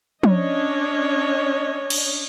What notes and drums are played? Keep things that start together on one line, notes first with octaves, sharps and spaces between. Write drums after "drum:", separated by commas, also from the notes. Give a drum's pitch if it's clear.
C#4 D4 C#5 D#5, drum: tom F3
drum: cymbal